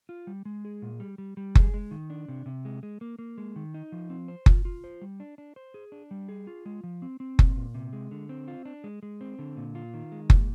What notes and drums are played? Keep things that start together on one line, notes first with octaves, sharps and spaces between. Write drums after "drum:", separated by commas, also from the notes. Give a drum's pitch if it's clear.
F4
G3
G#3
G#4
A#2
G3
G3
G3
G#4, drum: kick F#1
G#3
D#3
D4
C3
C3
G#3
G#3
A#3
A#3
G#3
D#3
D#4
F3
C4
C5
F4, drum: kick F#1
F4
C5
G3
D4
D4
C5
G#4
D4
G3
G#4
F4
G#3
F3
C4
C4
A#2, drum: kick F#1
A#2
C3
G#3
D3
C4
F4
D4
G#3
G#3
C4
D3
A#2
F4
D#3
G#3
A#2, drum: kick F#1